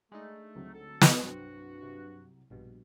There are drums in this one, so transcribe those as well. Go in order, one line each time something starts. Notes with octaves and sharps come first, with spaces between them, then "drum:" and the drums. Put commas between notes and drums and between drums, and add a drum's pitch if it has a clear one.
G#3 A3 D4 D#4
D2 F#3 C4
A4
drum: snare
C2 G2 F#3 C4 F#4
C3
A#1 G2 B2